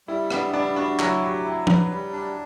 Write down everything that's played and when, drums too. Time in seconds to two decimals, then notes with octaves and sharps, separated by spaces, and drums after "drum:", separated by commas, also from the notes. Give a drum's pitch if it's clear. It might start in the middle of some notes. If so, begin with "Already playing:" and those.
0.07 G3 E4
0.30 B3 D4, drum: rim click
0.53 G3 D4
0.76 D4 F#4
0.99 F#3 E4, drum: clap
1.22 G4
1.45 E4
1.67 B4, drum: tom
1.90 G3
2.13 D4